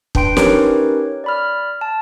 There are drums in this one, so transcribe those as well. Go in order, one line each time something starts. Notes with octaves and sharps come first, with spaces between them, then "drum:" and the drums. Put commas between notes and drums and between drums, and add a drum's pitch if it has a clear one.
D4 B4 G5 C6 D7, drum: kick
C#4 D#4 G4 A#4 B4 C#5, drum: snare
D5 B5 F6
A5